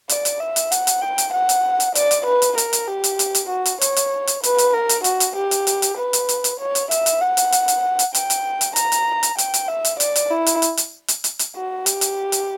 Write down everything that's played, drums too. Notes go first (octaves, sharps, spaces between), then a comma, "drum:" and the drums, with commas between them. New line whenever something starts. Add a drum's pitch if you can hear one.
D5, drum: hi-hat
drum: hi-hat
E5
drum: hi-hat
F#5, drum: hi-hat
drum: hi-hat
G5
drum: hi-hat
F#5
drum: hi-hat
drum: hi-hat
D5, drum: hi-hat
drum: hi-hat
B4
drum: hi-hat
A#4, drum: hi-hat
drum: hi-hat
G4
drum: hi-hat
drum: hi-hat
drum: hi-hat
F#4
drum: hi-hat
C#5, drum: hi-hat
drum: hi-hat
drum: hi-hat
B4, drum: hi-hat
drum: hi-hat
A#4
drum: hi-hat
F#4, drum: hi-hat
drum: hi-hat
G4
drum: hi-hat
drum: hi-hat
drum: hi-hat
B4
drum: hi-hat
drum: hi-hat
drum: hi-hat
C#5
drum: hi-hat
E5, drum: hi-hat
drum: hi-hat
F#5
drum: hi-hat
drum: hi-hat
drum: hi-hat
drum: hi-hat
G5, drum: hi-hat
drum: hi-hat
drum: hi-hat
A#5, drum: hi-hat
drum: hi-hat
drum: hi-hat
G5, drum: hi-hat
drum: hi-hat
E5
drum: hi-hat
D5, drum: hi-hat
drum: hi-hat
E4
drum: hi-hat
drum: hi-hat
drum: hi-hat
drum: hi-hat
drum: hi-hat
drum: hi-hat
F#4
G4, drum: hi-hat
drum: hi-hat
drum: hi-hat